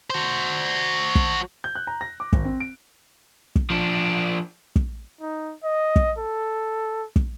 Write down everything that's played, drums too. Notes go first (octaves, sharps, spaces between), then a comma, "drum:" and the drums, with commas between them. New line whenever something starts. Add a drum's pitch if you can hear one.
F#4 C5
drum: kick
G6
F#6
A#5
A#6
D6
G#1, drum: kick
C4
D7
drum: kick
F3 D4
drum: kick
D#4
D#5
drum: kick
A4
drum: kick